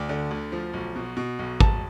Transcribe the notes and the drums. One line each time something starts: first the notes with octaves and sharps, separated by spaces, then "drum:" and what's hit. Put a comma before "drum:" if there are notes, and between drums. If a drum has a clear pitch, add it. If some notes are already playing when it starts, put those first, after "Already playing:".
Already playing: D2 D5
D3
D2
F3
B1
B2
B2
B1
E1 A5, drum: kick G#1